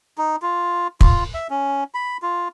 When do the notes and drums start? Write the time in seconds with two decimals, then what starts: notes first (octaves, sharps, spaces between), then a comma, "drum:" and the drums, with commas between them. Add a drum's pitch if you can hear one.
0.18 D#4
0.42 F4
1.01 F4, drum: kick
1.34 E5
1.50 C#4
1.94 B5
2.22 F4